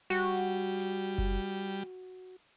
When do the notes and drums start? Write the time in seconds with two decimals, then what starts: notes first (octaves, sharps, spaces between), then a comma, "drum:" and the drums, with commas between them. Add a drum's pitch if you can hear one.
0.10 G3 F#4, drum: hi-hat
0.36 drum: hi-hat
0.80 drum: hi-hat
1.18 drum: kick F#1